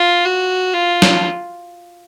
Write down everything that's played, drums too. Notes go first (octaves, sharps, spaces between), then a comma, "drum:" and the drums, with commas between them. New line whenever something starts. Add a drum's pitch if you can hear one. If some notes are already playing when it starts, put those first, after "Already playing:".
Already playing: F4
F#4
F4
drum: snare